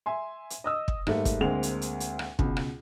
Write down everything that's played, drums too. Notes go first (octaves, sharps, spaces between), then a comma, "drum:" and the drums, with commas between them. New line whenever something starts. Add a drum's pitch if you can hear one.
E5 G#5 C6
drum: hi-hat
D#5 D#6 E6
drum: kick
G#2 G3 A3 A#3, drum: rim click
drum: kick, hi-hat
D2 G#3 A#3 C4 F7
drum: hi-hat
drum: hi-hat
drum: hi-hat
drum: rim click
C#2 B2, drum: kick
drum: rim click